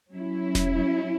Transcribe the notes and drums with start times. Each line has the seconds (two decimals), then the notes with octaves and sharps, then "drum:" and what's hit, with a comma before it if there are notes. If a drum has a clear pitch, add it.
0.11 F#3 C#4 E4
0.55 drum: snare E1